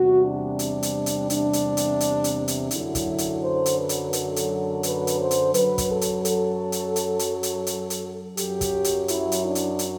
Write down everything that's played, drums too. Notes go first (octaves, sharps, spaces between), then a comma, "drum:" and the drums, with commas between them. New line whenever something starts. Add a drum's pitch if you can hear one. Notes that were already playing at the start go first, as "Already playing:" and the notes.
Already playing: E2 C3 G3 F#4
D4
drum: hi-hat
drum: hi-hat
drum: hi-hat
D4, drum: hi-hat
drum: hi-hat
drum: hi-hat
drum: hi-hat
drum: hi-hat
drum: hi-hat
F#2 D3 F#3 E4, drum: hi-hat
drum: kick, hi-hat
drum: hi-hat
C5
drum: hi-hat
B4
drum: hi-hat
A4, drum: hi-hat
drum: hi-hat
B4, drum: hi-hat
drum: hi-hat
C5
drum: hi-hat
F#2 F#3 B4, drum: hi-hat
drum: kick, hi-hat
A4
drum: hi-hat
A4, drum: hi-hat
drum: hi-hat
drum: hi-hat
drum: hi-hat
drum: hi-hat
drum: hi-hat
drum: hi-hat
F#2 F#3 G4, drum: hi-hat
drum: kick, hi-hat
drum: hi-hat
E4, drum: hi-hat
drum: hi-hat
D4
drum: hi-hat
drum: hi-hat